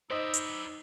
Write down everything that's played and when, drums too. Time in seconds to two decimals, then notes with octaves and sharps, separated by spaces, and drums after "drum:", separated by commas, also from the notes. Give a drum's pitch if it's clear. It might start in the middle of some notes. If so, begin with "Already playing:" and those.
0.10 D#4 B4 C5 D5 D#5 E6
0.34 drum: hi-hat